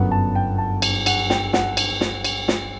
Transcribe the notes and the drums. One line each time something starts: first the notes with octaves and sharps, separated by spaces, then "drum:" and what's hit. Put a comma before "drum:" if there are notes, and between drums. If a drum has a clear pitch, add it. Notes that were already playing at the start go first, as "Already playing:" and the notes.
Already playing: G1 F#2 F#3 B3 F#5
A5
G5
A5
drum: cymbal
F#5, drum: cymbal
G5, drum: snare
F#5, drum: snare
drum: cymbal
drum: snare
drum: cymbal
drum: snare